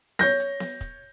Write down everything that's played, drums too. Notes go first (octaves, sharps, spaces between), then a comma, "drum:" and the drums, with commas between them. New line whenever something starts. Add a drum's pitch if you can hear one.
C#5 G6 A#6, drum: snare B3
drum: hi-hat
drum: snare B3
drum: kick, hi-hat